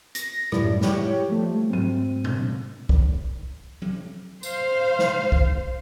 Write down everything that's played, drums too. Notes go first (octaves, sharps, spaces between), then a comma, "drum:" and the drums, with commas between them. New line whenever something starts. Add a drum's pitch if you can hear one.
A#6, drum: hi-hat
F#2 A2 G3 E4 D5, drum: rim click
E4 G4 C#5 G5, drum: snare
F3 G3 A3
G#2 F#3 C4 D#7
drum: tom
drum: kick
drum: tom F#3
C5 F5, drum: tambourine
drum: snare
drum: kick